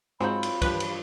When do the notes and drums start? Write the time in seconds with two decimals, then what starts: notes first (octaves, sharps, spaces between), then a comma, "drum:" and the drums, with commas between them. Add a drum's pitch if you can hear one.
0.20 G#2 F#3 C4 F4 F#5 B5 G6
0.43 drum: cymbal
0.62 G2 F3 G4 B4 C#5, drum: kick, cymbal
0.80 drum: cymbal